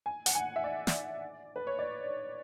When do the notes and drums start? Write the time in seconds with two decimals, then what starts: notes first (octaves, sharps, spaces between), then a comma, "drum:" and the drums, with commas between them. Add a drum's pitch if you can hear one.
0.06 G#5
0.26 F#5, drum: hi-hat
0.35 G#5
0.56 E5
0.64 D5
0.87 drum: snare
1.56 B4
1.67 C#5
1.79 D5